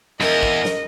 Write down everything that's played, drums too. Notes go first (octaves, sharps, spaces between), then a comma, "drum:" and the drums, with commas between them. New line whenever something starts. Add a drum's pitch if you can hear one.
E2 A#4 D#5, drum: snare
drum: kick
drum: snare